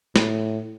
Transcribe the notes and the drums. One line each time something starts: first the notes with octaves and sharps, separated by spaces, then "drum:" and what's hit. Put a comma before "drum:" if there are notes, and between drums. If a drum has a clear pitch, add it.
A2, drum: snare